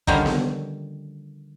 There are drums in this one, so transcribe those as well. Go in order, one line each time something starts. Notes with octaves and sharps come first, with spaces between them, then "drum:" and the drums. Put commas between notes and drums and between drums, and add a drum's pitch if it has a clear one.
D3 D#3 F3 G3 A#3 C#4, drum: kick
drum: snare B3